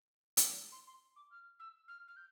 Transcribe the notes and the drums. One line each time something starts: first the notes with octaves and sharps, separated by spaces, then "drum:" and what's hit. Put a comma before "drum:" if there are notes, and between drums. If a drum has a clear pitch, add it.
drum: hi-hat
C6
C6
D6
F6
E6
F6
F6
G6